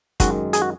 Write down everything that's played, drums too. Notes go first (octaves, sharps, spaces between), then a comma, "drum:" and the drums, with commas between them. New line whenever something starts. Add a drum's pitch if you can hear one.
F#2 D#3 G#3 F#4, drum: kick, hi-hat
G#4, drum: hi-hat
F#4